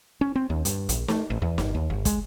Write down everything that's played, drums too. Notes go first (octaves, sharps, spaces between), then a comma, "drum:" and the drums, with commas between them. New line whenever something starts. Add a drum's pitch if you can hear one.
C#4
C4
D#2
G2, drum: hi-hat
A#1, drum: hi-hat
A3, drum: snare
A1
E2
G1, drum: snare
D#2
G1
G#3, drum: kick, hi-hat